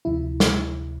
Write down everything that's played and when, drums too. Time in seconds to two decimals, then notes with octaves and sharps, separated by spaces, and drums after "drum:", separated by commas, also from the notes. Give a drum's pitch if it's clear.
0.05 D2 C3 F3 E4
0.40 drum: snare